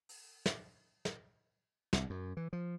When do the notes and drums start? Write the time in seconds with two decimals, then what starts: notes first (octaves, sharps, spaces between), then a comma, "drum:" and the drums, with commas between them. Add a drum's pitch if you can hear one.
0.09 drum: open hi-hat
0.46 drum: snare
1.05 drum: snare
1.93 C2, drum: snare
2.10 F#2
2.37 E3
2.53 F3